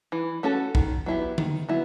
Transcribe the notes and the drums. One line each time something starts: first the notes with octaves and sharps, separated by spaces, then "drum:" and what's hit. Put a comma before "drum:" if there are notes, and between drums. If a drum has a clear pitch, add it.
E3
A3 C#4 F#4 A4
D#3, drum: kick A#1
F#3 B3 E4 G4
D#3, drum: tom D3
F#3 B3 E4